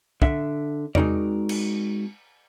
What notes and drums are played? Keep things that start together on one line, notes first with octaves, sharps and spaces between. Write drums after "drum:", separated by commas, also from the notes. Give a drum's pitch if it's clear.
D3 E5, drum: kick
G#3 C4 D#4 F#4 A#4 D5, drum: tom E2
drum: cymbal